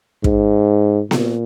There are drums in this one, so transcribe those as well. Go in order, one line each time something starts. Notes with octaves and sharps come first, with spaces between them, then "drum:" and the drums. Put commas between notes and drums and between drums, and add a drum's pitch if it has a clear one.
G#2, drum: kick
A#2, drum: snare B3